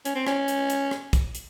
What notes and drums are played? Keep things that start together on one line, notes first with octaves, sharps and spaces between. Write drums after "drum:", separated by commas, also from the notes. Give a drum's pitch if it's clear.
C#4, drum: hi-hat
C4
C#4, drum: rim click
drum: hi-hat
drum: hi-hat
drum: rim click
drum: kick, hi-hat
drum: hi-hat